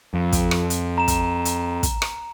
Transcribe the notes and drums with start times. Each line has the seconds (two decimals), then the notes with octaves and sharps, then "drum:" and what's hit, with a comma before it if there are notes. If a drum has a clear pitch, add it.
0.14 F2
0.32 drum: kick, hi-hat
0.51 drum: rim click
0.70 drum: hi-hat
0.98 A#5 E7
1.08 drum: kick, hi-hat
1.45 drum: hi-hat
1.83 drum: kick, hi-hat
2.02 drum: rim click